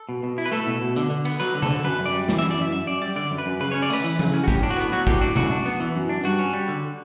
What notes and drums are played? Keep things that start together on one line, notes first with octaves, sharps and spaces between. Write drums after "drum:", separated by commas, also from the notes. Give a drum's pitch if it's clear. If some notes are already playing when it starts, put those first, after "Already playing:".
Already playing: A4
B2
B2
E4
B4
A3 A4
B2
B2
D3, drum: hi-hat
D3
B3, drum: cymbal
F#3 B4, drum: hi-hat
D3
A4, drum: tom C3
D3
F#2 B4
F#2
D5
G3
E3, drum: snare
E5
F#2
D5
F#2 E5
F#2 E5
F#2 D5
G3 D5
D3 D5
F#2
B4
F#2
C#3 B4
C#5
C#4
D5
A3 B4, drum: open hi-hat
E3 B4
C#3, drum: tom F3
C#4
F#4
A2 G4, drum: kick
D4
F#4
B3
F#3 F#4
A2 G4, drum: kick
D4 F#4
F#2 F#4, drum: tom B2
D4
B3
E3
F#2
D4
G2 F#4, drum: hi-hat
C#4
G3
D3